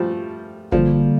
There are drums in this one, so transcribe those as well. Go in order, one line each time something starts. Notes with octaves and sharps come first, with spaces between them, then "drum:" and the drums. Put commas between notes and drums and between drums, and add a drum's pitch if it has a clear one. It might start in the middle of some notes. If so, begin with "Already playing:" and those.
Already playing: F3 G3 A3
D3 F3 G3 A#3, drum: kick G1